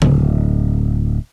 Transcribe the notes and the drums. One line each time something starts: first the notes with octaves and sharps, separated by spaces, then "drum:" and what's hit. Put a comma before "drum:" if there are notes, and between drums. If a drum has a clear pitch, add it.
D1, drum: tom C#3